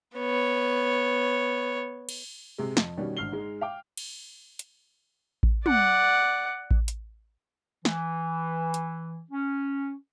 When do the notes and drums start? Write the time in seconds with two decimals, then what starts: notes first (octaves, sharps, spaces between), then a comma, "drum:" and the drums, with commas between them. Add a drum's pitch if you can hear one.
0.16 B3 C#5
2.09 drum: cymbal
2.58 C3 G#3
2.77 F2, drum: snare
2.97 B2 D#3 G3 C#4
3.17 G#1 D3 F6 C7 G7
3.32 G#2 G#3
3.61 F5 G5 D6
3.97 drum: cymbal
4.59 drum: hi-hat
5.43 drum: kick A1
5.66 D5 F#5, drum: tom
6.71 drum: kick A1
6.88 drum: hi-hat
7.85 E3, drum: snare
8.74 drum: hi-hat
9.31 C#4